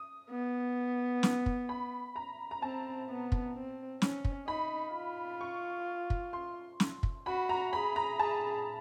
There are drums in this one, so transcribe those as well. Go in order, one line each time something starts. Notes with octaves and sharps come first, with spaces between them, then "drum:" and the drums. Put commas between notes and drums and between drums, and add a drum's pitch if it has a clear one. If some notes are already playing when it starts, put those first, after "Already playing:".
Already playing: D#6
B3
drum: snare
drum: kick
B5
A#5
A#5
C4 A5
B3
drum: kick
C4
C#4, drum: snare
drum: kick
D#4 B5
F4
C#6
drum: kick
C6
drum: snare
drum: kick
F#4 B5
A#5
G#4 B5
A#5
G#4 A5